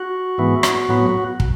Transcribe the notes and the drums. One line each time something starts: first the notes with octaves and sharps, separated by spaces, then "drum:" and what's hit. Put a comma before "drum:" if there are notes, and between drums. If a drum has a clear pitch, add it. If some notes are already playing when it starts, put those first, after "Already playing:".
Already playing: F#4
G#2 E3 B3
drum: rim click
A2 F#3 B3
drum: kick